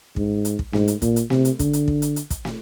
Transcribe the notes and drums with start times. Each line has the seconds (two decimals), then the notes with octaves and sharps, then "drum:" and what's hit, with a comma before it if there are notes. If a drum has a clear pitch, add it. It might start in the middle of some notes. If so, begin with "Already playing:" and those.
0.16 G#2, drum: kick
0.45 drum: hi-hat
0.59 drum: kick
0.73 G#2, drum: snare
0.88 drum: hi-hat
1.02 A#2, drum: kick, hi-hat
1.16 drum: hi-hat
1.30 C3, drum: snare
1.45 drum: hi-hat
1.59 D3, drum: kick, hi-hat
1.73 drum: hi-hat
1.88 drum: kick
2.02 drum: hi-hat
2.16 drum: hi-hat
2.30 drum: kick, hi-hat
2.45 drum: snare